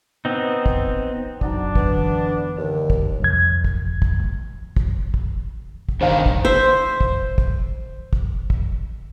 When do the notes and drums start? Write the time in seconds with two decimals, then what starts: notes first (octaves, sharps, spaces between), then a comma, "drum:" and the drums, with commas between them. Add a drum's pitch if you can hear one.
0.25 B3 C4 D#4
0.66 drum: kick
1.41 F#2 F#3 D4 D#4, drum: kick
1.75 D3 E3 B3, drum: kick
2.57 D#2 D3
2.90 drum: kick
3.20 C2 F2 G#6
3.64 drum: kick
4.02 drum: kick
4.77 drum: kick
5.14 drum: kick
5.89 drum: kick
6.01 G2 D#3 C5 F5
6.26 drum: kick
6.45 C5 E5
7.01 drum: kick
7.38 drum: kick
8.13 drum: kick
8.50 drum: kick